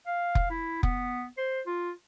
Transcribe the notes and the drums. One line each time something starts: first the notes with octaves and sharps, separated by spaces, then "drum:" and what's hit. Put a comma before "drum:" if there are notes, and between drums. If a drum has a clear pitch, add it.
F5
drum: kick F1
E4
B3, drum: kick F1
C5
F4